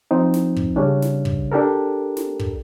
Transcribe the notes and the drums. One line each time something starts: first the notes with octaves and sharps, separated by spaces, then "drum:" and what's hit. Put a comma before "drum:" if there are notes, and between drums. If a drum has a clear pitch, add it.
F3 C4 D#4
drum: snare
drum: kick
C#3 G3 C#4 D4
drum: snare
drum: kick
D4 G4 A4 A#4
drum: snare
drum: kick